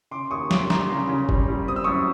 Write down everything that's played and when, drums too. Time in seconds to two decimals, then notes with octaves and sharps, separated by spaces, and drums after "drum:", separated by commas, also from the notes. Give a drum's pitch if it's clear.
0.11 C#3 C6 D6
0.31 D#2 C#6 D#6
0.51 D#2 C6 D6, drum: snare
0.70 G3 A#5 C6, drum: snare
0.90 C#3 A#5 C6
1.09 C#3
1.29 G3, drum: kick F#1
1.48 G3
1.68 C4 D#6
1.76 E6
1.84 F#2 C#6 D#6